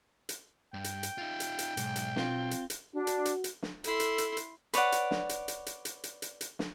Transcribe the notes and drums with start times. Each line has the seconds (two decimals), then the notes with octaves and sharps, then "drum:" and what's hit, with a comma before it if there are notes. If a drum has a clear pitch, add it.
0.29 drum: hi-hat
0.74 G2 G5
0.84 drum: hi-hat
1.03 drum: hi-hat
1.18 D#4 F4
1.40 drum: hi-hat
1.59 drum: hi-hat
1.77 B1 G#2, drum: hi-hat
1.96 drum: hi-hat
2.16 C4 F4, drum: snare
2.51 drum: hi-hat
2.70 drum: hi-hat
2.95 D4 F#4
3.07 drum: hi-hat
3.25 drum: hi-hat
3.44 drum: hi-hat
3.63 drum: snare
3.84 E4 A4 C6, drum: hi-hat
4.00 drum: hi-hat
4.18 drum: hi-hat
4.37 drum: hi-hat
4.74 B4 C#5 D5 F#5, drum: hi-hat
4.92 drum: hi-hat
5.11 drum: snare
5.29 drum: hi-hat
5.48 drum: hi-hat
5.66 drum: hi-hat
5.85 drum: hi-hat
6.04 drum: hi-hat
6.22 drum: hi-hat
6.41 drum: hi-hat
6.59 drum: snare